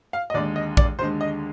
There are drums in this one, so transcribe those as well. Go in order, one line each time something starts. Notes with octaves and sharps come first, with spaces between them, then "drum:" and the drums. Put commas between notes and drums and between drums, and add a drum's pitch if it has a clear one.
F5
D#5
D#2 D3 G#3 D5
D#5
D5, drum: kick
D#2 D3 G#3 C5
D#5